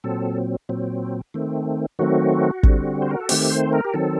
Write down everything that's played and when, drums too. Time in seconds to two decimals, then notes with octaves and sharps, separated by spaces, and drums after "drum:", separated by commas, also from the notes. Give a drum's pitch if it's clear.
0.04 A#2 F#3 C4 A4
0.69 A#2 F#3 C4
1.34 D#3 A3 C4
1.99 D#3 F#3 A3 C4 F#4
2.63 D3 G3 C4, drum: kick
3.02 C5
3.11 A#4
3.21 A4
3.29 D#3 A3 C4 G4, drum: open hi-hat
3.50 C5
3.73 A#4
3.85 G4
3.94 D#3 F#3 C4 A4